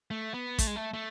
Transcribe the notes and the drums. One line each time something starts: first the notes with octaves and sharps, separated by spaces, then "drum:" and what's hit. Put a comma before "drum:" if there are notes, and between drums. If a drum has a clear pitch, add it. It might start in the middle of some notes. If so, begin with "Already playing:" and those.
A3
B3
A3, drum: kick, hi-hat
G#3
A3
A3